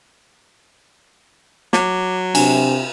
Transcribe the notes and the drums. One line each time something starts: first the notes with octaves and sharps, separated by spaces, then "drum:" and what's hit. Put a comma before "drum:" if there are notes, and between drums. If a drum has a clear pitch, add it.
F#3 D6, drum: snare
C3 D4 G#5, drum: cymbal